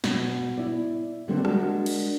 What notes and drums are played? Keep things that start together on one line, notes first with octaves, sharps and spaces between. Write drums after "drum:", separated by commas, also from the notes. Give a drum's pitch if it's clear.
B2, drum: snare
E4 D5
D3 G3 A3 A#3 C4 D4
G#3 D4 F#4 A#4 D5, drum: rim click
drum: cymbal